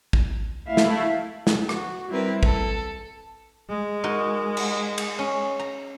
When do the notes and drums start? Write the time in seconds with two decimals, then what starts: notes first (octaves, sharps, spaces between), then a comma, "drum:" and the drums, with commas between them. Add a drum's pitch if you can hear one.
0.13 drum: kick
0.68 A3 E4 E5 F5
0.77 drum: snare
1.47 drum: snare
1.69 F#4, drum: rim click
2.09 G3 C4 E4 A#4 B4
2.43 A4, drum: kick
3.69 G#3
4.04 D#4 F#4 A#4
4.57 drum: cymbal
4.98 drum: cymbal
5.19 C#4
5.59 A#5